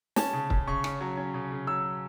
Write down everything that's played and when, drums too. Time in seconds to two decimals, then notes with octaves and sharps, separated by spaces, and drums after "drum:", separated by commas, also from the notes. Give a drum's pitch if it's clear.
0.16 C#4 A5, drum: snare
0.33 C#3
0.50 C#3, drum: kick
0.67 C#3 C#6
0.84 C#4, drum: rim click
1.01 F#3
1.17 C#4
1.34 C#3
1.52 C#3
1.67 F#3 E6